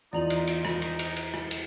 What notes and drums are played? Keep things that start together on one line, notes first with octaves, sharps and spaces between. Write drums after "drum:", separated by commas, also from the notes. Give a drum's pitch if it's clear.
E2 D#4 F4 D5 A#5 F#7
drum: cymbal
drum: cymbal
drum: rim click
drum: cymbal
drum: cymbal
drum: cymbal
drum: rim click
drum: cymbal